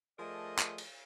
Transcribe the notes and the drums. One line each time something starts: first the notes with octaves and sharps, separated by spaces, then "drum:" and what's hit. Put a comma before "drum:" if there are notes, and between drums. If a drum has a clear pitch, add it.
F3 A3 G#4 A#4 D5 D#5
drum: clap
drum: cymbal